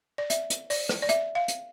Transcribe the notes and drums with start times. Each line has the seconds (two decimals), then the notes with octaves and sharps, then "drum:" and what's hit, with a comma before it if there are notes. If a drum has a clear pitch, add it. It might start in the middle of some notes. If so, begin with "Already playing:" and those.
0.18 D5
0.30 E5, drum: hi-hat
0.50 drum: hi-hat
0.70 D5, drum: open hi-hat
0.89 drum: rim click
1.02 D5
1.09 E5, drum: hi-hat
1.35 F5
1.48 drum: hi-hat